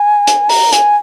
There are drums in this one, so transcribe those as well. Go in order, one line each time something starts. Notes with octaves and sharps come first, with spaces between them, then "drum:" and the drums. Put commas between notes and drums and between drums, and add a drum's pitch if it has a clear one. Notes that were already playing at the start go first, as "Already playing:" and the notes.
Already playing: G#5
drum: hi-hat
A#5, drum: open hi-hat
G#5, drum: hi-hat